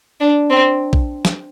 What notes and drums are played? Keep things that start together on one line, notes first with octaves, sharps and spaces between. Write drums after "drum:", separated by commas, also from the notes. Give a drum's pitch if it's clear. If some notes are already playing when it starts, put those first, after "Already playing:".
D4
C4
drum: kick
drum: snare